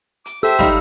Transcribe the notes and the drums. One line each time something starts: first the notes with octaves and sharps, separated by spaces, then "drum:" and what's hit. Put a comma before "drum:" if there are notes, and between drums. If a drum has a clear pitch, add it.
D6, drum: hi-hat
G4 A4 C5 E5 E6, drum: hi-hat
G3 D#4 F5 B5, drum: kick, hi-hat